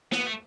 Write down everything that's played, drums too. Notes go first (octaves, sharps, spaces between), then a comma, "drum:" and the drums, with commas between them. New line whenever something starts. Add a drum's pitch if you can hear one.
B3, drum: snare
A3